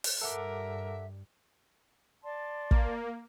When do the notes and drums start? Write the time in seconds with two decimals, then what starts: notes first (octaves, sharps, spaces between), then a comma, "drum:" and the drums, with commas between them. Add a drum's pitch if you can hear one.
0.04 drum: open hi-hat
0.21 G2 G3 A4 A#4 E5 F#5 D6
2.24 D5 A5 C6
2.71 A#3, drum: kick